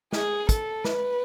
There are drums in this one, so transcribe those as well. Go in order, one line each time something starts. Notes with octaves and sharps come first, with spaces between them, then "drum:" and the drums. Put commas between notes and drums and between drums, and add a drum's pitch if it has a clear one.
G#4, drum: snare
A4, drum: kick, hi-hat
B4, drum: snare